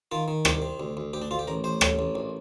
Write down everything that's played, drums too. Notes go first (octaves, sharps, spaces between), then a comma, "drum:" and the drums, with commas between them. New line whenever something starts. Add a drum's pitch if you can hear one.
D#3 F4
D#3
C2 G4, drum: rim click
C3
D2
D2
D2 G4
D4
D2 F4
G4
A1 A#4
A1 C5
A2, drum: rim click
A1
A#1